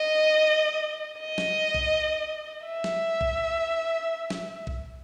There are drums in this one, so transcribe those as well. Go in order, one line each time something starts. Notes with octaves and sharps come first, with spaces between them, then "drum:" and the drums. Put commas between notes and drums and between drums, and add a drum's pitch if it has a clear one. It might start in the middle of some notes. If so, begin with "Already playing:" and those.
Already playing: D#5
D#5
drum: snare
drum: kick
E5
drum: snare
drum: kick
drum: snare
drum: kick